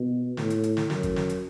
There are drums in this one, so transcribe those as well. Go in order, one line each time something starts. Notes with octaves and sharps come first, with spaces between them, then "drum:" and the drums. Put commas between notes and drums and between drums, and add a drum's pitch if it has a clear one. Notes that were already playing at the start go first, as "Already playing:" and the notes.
Already playing: B2
A2, drum: snare
drum: hi-hat
drum: hi-hat
drum: snare
F#2, drum: snare
drum: kick G#1, hi-hat
drum: snare
drum: hi-hat